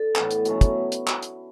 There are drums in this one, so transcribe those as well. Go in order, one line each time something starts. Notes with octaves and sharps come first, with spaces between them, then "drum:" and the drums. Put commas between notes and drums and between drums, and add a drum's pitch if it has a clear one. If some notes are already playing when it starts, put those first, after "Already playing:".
Already playing: D4 A4
A2 E3 B3, drum: clap
drum: hi-hat
B2 F#3 A3 C#4, drum: hi-hat
drum: kick, hi-hat
drum: hi-hat
drum: clap
drum: hi-hat